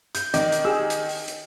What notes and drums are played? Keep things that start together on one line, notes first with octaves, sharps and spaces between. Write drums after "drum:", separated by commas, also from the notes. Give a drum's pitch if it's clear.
G6, drum: hi-hat
D#3 D#5 D6, drum: hi-hat
drum: hi-hat
G4 G#4 E6
drum: hi-hat
drum: open hi-hat
drum: hi-hat